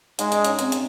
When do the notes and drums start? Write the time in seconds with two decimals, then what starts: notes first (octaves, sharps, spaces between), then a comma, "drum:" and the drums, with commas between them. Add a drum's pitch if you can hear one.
0.19 G#3 D#4, drum: hi-hat
0.32 D4, drum: hi-hat
0.45 C#4 D#4, drum: hi-hat
0.59 C4 D4, drum: hi-hat
0.72 drum: hi-hat